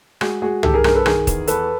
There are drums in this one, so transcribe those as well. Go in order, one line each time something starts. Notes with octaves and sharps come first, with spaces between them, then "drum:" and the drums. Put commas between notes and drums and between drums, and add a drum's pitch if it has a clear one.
G#3 F#4 G#4, drum: rim click
G#3 F#4 G#4
D#3 G4 A4, drum: tom C2
G#4 A#4
G2 G#4 A#4, drum: rim click
A4 B4
D#3 G#4 A#4, drum: rim click
E2, drum: kick, hi-hat
E2 A4 B4, drum: hi-hat